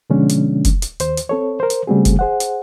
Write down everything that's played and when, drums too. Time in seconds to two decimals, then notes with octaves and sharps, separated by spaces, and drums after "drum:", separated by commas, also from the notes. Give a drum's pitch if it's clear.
0.10 B2 D3 F3 G#3 C#4 D4
0.30 drum: hi-hat
0.65 drum: kick F1, hi-hat
0.82 drum: hi-hat
1.00 D#2 C5, drum: hi-hat
1.17 drum: hi-hat
1.29 C4 A4 C#5
1.60 A#4 C5
1.70 drum: hi-hat
1.87 C#3 G3 A3 C4 F#4 G#4
2.05 drum: kick F1, hi-hat
2.19 G#4 C5 F#5
2.40 drum: hi-hat